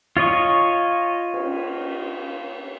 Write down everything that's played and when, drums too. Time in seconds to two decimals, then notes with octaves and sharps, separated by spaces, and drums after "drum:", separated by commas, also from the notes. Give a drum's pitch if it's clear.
0.17 F4 C#5 D#5 C#6
1.34 drum: cymbal